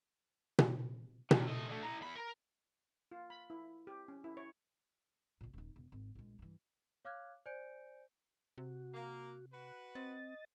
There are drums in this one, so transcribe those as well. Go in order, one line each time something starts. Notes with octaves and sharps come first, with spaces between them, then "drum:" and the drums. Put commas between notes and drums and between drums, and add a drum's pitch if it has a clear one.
drum: tom B2
G2 D#3, drum: tom B2
A3 D#5
D3 A3
E4 A#5
E2 B5
A#4
F4
B5
E4
G4
C#4
E4
C#5
A1 A#2
D#1 D#4
E1
G#1
A#1 G#3
G2 E3
C#5 F5 D6 F6 F#6 G#6
C5 D5 G#5 G6 C#7 D7
C3 F#4
A#3
F#4 B4
C4 D#5 A6